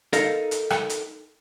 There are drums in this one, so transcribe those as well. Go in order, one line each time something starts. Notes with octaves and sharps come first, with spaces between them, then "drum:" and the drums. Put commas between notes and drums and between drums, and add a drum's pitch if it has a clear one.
D#4 A4 A#4 D#5 F5, drum: hi-hat
drum: hi-hat
drum: rim click
drum: hi-hat